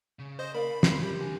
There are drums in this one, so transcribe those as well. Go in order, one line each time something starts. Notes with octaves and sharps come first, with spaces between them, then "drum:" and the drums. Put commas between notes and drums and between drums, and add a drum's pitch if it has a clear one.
C#3
C5 D#5
A#4 D5 F5 B5
C6, drum: snare
G4
D4 A#4 G#5